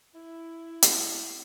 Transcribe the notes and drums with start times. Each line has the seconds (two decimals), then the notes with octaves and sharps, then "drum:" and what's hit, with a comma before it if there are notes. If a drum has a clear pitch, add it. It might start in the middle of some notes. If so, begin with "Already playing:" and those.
0.15 E4
0.82 drum: hi-hat